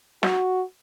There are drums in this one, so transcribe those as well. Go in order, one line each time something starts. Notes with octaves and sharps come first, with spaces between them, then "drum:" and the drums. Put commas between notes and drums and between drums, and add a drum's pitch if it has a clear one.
F#4, drum: snare